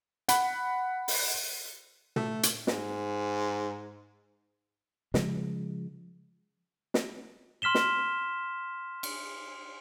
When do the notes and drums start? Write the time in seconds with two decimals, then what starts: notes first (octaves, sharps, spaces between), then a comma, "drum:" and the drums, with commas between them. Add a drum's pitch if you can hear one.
0.29 F#5 B5, drum: hi-hat
1.08 drum: open hi-hat
2.16 A3, drum: tom
2.43 drum: hi-hat
2.67 G#2, drum: snare
5.14 C#3 F3 G#3, drum: snare
6.94 drum: snare
7.62 C6 F6 B6 E7 G7
7.75 drum: snare
9.03 drum: cymbal